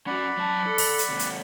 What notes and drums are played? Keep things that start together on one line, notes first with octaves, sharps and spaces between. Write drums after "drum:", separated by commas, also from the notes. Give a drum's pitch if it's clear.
C#4 F#4 D5 F#5 B5
F#3 A5
A4
drum: open hi-hat
drum: hi-hat
D#2 C3
drum: hi-hat